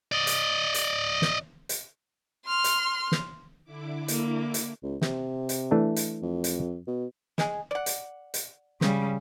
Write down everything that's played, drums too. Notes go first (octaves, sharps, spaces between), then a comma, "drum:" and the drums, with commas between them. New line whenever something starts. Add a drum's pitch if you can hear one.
D5 D#5
drum: hi-hat
drum: hi-hat
drum: snare
drum: hi-hat
C6 F6
drum: hi-hat
drum: snare
D3 E4 D6
A#3, drum: hi-hat
drum: hi-hat
C#2
C3, drum: snare
drum: hi-hat
E3 A3 D4
drum: hi-hat
F2
drum: hi-hat
B2
G#3 G#4, drum: snare
D5 F#5
drum: hi-hat
drum: hi-hat
C#3 G3, drum: snare